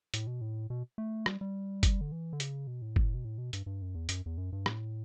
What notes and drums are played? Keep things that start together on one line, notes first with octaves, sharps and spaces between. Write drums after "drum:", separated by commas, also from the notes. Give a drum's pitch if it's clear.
A2, drum: hi-hat
B2
A2
B2
A3
G3, drum: rim click
G3
drum: kick, hi-hat
D3
E3
D3
C#3, drum: hi-hat
B2
A2
drum: kick
B2
A2
B2
G2, drum: hi-hat
G2
F#2
E2
F#2, drum: hi-hat
E2
F#2
G2
A2, drum: rim click